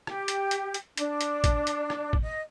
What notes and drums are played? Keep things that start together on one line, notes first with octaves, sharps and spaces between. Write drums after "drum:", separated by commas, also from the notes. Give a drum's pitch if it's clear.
G4, drum: rim click
drum: hi-hat
drum: hi-hat
drum: hi-hat
D4, drum: hi-hat
drum: hi-hat
drum: kick, hi-hat
drum: hi-hat
drum: rim click
drum: kick
D#5